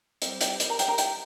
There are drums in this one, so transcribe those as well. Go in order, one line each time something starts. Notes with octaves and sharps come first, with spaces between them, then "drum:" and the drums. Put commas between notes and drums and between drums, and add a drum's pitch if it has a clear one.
G3 C4, drum: hi-hat
G4 G5, drum: hi-hat
drum: hi-hat
A#4 A#5
G4 G5, drum: hi-hat
A#4 A#5
G4 G5, drum: hi-hat